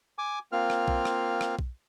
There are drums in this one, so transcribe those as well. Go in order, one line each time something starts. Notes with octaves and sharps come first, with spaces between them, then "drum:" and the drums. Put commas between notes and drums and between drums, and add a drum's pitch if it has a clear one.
G#5 D6
A#3 C4 F4 F6
drum: rim click
drum: kick B1
drum: rim click
drum: rim click
drum: kick B1